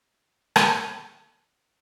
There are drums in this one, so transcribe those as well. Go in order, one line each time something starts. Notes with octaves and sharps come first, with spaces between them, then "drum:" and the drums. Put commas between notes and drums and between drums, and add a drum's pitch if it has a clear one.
C6 D6
drum: rim click